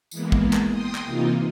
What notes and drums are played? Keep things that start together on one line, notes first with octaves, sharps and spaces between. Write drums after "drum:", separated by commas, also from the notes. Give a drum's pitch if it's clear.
E3 G#3 A#3 B3, drum: tambourine
drum: kick
drum: clap
G5 C6 D#6
drum: clap
C3 E3 A#3 D#4 F4